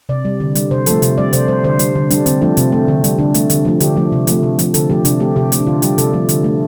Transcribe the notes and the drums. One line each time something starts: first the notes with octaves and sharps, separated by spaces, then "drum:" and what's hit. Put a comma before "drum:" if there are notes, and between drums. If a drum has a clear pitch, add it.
C3 D5
G3
D3
G3, drum: hi-hat
C3 C5
F3 A3 A4, drum: hi-hat
C3, drum: hi-hat
G3 D5
C3 C5, drum: hi-hat
G3 C5
D3 C5
G3, drum: hi-hat
D3
G3 D4, drum: hi-hat
D3 C4, drum: hi-hat
F3 A3 D4
C3 C4, drum: hi-hat
A3
D3
G3, drum: hi-hat
D3 D4
A3, drum: hi-hat
D3, drum: hi-hat
F3 A3
D3 G4, drum: hi-hat
F3 A3
C3
F3 A3, drum: hi-hat
C3
F3 A3, drum: hi-hat
D3 A4, drum: hi-hat
F3 A3 G4
C3 D4, drum: hi-hat
A3 G4
C3 G4
A3, drum: hi-hat
D4
D3 F4
G3 G4, drum: hi-hat
C3 A4, drum: hi-hat
F3 A3
D3, drum: hi-hat
A3